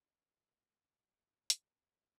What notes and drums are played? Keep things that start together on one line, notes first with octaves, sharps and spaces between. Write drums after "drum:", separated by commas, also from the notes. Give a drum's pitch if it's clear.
G#2 A#4 E5
drum: hi-hat